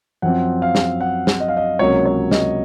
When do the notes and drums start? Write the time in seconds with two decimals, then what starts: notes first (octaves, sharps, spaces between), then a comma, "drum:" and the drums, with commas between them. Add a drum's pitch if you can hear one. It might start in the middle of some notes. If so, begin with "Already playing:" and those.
0.22 F#2 F3 C4 F#5
0.62 F5
0.75 drum: snare
1.01 F#5
1.27 drum: snare
1.40 D#5
1.48 F5
1.57 D#5
1.79 C#2 C3 F#3 A#3 C#4 C#5
2.06 C#5
2.31 D#5, drum: snare